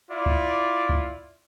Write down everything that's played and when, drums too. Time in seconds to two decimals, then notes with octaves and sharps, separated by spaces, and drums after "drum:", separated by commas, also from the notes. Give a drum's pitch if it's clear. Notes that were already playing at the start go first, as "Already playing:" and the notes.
0.10 E4 F4 D5
0.26 drum: kick
0.89 drum: kick